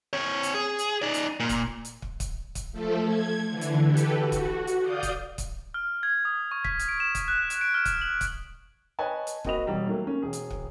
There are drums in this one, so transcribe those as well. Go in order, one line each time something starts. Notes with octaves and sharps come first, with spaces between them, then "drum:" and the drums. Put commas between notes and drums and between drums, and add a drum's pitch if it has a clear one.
C4 C#5
drum: hi-hat
G#4
drum: hi-hat
D#4 D5
drum: hi-hat
A#2
drum: kick, hi-hat
drum: hi-hat
drum: kick
drum: kick, hi-hat
drum: kick, hi-hat
F3 A3 A4
G#6
D3 E3
drum: hi-hat
G4 A4 B4
drum: hi-hat
F#4
drum: kick, hi-hat
drum: hi-hat
D5 F5 D#6 G6
drum: kick, hi-hat
drum: kick, hi-hat
F6
G#6
D#6
C#6
B6, drum: kick
drum: hi-hat
D7
E7
drum: kick, hi-hat
F#6
drum: hi-hat
D7
F6
drum: kick, hi-hat
F#7
drum: kick, hi-hat
B4 C#5 D#5 G#5 A5
drum: hi-hat
A#3 C4 F#4 D#5 B5 F7, drum: kick
E1 G3 A#5
F#3 A3 A#3
A#3 C#4
E1 G#4
drum: hi-hat
drum: kick